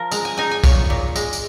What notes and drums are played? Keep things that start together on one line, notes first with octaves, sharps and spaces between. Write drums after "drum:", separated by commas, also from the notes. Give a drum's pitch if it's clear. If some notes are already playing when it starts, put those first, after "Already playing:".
Already playing: F3 A#4
G#3 A#5, drum: tambourine
G#5
D#4 G#5
G#5
A#2 C#5, drum: kick, tambourine
A#2
G#3, drum: tambourine
drum: tambourine